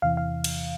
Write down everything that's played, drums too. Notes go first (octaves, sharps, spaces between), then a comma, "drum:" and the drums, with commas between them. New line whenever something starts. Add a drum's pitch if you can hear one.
E2 C3 E3 F5
F5
drum: cymbal